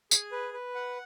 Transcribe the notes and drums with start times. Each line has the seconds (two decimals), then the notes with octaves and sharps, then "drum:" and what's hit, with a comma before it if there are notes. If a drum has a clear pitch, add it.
0.11 G#4, drum: tambourine
0.32 B4
0.53 B4
0.75 F#5